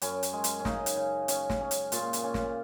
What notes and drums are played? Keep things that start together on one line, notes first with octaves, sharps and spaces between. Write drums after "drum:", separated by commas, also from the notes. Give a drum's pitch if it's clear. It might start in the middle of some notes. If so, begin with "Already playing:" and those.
F#2 C#4, drum: hi-hat
drum: hi-hat
G#3
drum: hi-hat
C#4
C#3 D#4, drum: snare
drum: hi-hat
C#3
C#4, drum: hi-hat
drum: snare
C#4
drum: hi-hat
A#2 F4, drum: hi-hat
drum: hi-hat
C#4
drum: snare